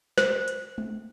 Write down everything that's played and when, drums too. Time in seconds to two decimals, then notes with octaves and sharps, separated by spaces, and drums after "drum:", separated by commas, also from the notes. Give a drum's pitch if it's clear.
0.18 C5, drum: snare
0.48 drum: hi-hat
0.78 drum: tom